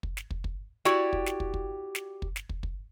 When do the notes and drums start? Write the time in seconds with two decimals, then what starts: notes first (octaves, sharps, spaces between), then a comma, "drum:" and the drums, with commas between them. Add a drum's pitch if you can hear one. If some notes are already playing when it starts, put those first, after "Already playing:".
0.03 drum: kick
0.17 drum: snare
0.31 drum: kick
0.44 drum: kick
0.85 E4 F#4 G4 D5, drum: snare
1.13 drum: kick
1.26 drum: snare
1.40 drum: kick
1.54 drum: kick
1.95 drum: snare
2.22 drum: kick
2.36 drum: snare
2.49 drum: kick
2.63 drum: kick